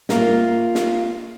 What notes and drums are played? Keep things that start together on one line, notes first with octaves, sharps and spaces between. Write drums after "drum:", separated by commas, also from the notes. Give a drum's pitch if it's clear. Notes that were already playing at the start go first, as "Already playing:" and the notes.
A#3 F4, drum: snare
drum: snare